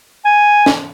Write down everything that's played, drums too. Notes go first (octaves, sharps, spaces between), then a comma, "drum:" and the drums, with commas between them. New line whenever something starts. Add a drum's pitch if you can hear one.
G#5
drum: snare